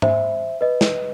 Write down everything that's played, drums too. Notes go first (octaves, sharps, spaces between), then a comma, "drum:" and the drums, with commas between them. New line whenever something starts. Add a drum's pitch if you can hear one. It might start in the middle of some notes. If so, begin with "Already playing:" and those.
C5 E5, drum: tom G#2
B4 D#5
drum: snare